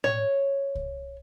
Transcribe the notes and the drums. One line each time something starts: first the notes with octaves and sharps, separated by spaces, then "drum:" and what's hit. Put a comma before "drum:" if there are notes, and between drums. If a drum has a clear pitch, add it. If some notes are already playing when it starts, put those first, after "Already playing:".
C#5, drum: tom A2
drum: kick C2